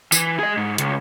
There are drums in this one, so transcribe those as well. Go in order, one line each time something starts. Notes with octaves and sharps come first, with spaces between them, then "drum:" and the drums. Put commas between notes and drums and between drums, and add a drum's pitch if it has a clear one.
E3, drum: tambourine
G#4 D#5
G#2
C#2, drum: hi-hat